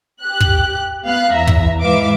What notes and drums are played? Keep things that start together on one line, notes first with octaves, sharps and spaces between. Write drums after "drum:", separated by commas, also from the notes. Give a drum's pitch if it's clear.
G4 F#6
drum: kick
B3 F5 F#6
E2 E5 A#5
drum: kick
G#2 E3 B4 E5 F5 D6